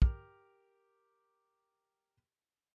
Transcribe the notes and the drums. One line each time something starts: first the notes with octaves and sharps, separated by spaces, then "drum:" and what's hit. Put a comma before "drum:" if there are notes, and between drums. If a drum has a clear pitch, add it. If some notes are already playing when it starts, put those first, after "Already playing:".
G4 A#4 F6, drum: kick